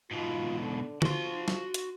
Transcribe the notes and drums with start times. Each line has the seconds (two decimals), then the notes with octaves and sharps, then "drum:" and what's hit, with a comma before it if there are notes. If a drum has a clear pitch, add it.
0.11 G#2 B2 F4
0.60 D3
1.02 F3 F#4 C6, drum: tom D3
1.48 drum: snare
1.74 drum: hi-hat